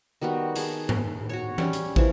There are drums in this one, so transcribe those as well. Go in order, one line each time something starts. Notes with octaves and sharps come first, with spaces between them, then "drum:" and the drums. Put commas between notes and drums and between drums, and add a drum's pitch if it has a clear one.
D#3 G3 B3 F#4
G#4 A5, drum: hi-hat
drum: tom G#2
F#4 C#5
G3 C#4, drum: tom E3
drum: hi-hat
E3 F3, drum: kick